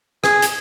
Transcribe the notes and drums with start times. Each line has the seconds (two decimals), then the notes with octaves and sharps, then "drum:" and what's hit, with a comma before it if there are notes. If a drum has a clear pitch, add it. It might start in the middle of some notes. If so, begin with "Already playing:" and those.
0.24 G#4, drum: rim click
0.42 drum: hi-hat